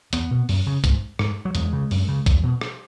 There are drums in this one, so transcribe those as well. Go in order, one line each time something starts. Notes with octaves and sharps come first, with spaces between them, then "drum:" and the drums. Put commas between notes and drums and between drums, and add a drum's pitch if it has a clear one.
E2 B3, drum: hi-hat
B2
F#2, drum: open hi-hat
C#3
G#2, drum: kick B1, hi-hat
G#2, drum: rim click
F#3
E2 G#3, drum: hi-hat
C#3
F#2, drum: open hi-hat
C#3
E2, drum: kick B1, hi-hat
B2
drum: rim click